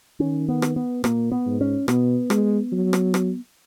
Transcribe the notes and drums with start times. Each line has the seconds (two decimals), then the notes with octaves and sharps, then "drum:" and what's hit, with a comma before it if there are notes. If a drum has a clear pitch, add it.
0.20 D#3 C#4
0.49 B3
0.62 drum: rim click
0.76 B3
1.04 A#2 A#3, drum: rim click
1.32 B3
1.46 G#2
1.61 C#4
1.88 B2 B3, drum: rim click
2.30 G#3, drum: rim click
2.72 F#3
2.93 drum: rim click
3.14 drum: rim click